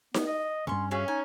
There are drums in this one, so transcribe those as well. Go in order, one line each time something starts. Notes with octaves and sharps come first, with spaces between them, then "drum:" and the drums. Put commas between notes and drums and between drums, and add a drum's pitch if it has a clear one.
B3, drum: snare D#4
D#5
D2 G2 C#4 C6 C#6
C#4 F#4 G#4 E5 F5
D#4 G#5